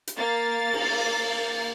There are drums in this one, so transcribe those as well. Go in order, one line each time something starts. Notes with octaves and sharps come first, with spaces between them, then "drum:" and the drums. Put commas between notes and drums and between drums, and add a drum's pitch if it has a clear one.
drum: hi-hat
A#3 F5 A6
drum: cymbal